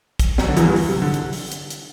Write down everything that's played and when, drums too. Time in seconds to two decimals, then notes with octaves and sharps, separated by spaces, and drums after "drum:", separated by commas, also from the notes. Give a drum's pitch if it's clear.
0.19 drum: kick, hi-hat
0.38 F#2 F#3, drum: snare
0.48 D3
0.57 E2 E3, drum: hi-hat
0.67 G2 G3
0.76 drum: open hi-hat
0.89 C3
1.02 D3
1.14 drum: hi-hat
1.33 drum: open hi-hat
1.52 drum: hi-hat
1.70 drum: hi-hat